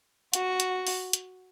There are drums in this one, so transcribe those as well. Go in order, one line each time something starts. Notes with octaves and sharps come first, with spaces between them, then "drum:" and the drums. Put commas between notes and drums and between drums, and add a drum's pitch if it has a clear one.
F#4, drum: hi-hat
drum: hi-hat
drum: open hi-hat
drum: hi-hat